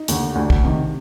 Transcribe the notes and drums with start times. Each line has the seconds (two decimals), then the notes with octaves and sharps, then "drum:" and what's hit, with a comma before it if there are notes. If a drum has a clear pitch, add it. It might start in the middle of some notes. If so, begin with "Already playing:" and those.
Already playing: D#4
0.08 D#2 D3, drum: hi-hat
0.35 D2 D4
0.50 drum: kick
0.64 C3 D#3